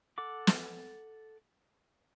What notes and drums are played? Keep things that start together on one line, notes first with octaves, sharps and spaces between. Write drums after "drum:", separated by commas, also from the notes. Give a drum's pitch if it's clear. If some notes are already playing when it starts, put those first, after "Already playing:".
A4 F#5 D6
drum: snare